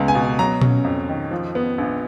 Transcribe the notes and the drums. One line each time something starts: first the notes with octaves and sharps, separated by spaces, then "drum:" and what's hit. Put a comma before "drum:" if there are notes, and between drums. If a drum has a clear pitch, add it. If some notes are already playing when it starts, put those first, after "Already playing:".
Already playing: C#2 G#3 B3
G#5
B2
F#3 A#5
C#4, drum: tom A#2
F2
D#3
F3
B3
A#1